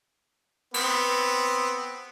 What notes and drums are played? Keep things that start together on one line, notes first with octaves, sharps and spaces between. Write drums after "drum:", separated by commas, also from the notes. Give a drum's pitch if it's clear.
B3 C4, drum: cymbal